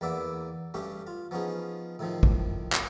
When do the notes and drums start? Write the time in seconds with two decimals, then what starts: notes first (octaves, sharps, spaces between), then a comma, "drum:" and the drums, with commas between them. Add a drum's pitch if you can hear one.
0.01 E2 A#3 B3 D5 E5
0.74 G2 A3 C#4 G4
1.07 F4
1.31 F3 B3 C#4 D#4 G#4
1.99 A2 D#3 F3 D#4
2.23 drum: kick
2.73 drum: clap